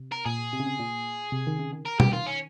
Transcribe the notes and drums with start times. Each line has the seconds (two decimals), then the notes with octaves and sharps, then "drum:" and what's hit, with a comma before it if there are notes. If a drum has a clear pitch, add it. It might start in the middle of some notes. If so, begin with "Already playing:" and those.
Already playing: C3
0.12 A#4
0.26 A#2 G#4
0.53 C3
0.60 C#3
0.66 C3
0.79 A#2
1.32 C3
1.47 D#3
1.59 C#3
1.73 D#3
1.86 A#4
2.00 G4, drum: tom
2.13 D#3 F4
2.27 C#4